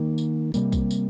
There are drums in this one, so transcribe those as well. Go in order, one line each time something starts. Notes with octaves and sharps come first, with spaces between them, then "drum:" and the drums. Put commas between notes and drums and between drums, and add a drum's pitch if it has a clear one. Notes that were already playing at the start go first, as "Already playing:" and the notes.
Already playing: D#3 A#3
drum: tambourine
C3 G3 A#3, drum: tambourine
drum: kick, tambourine
drum: tambourine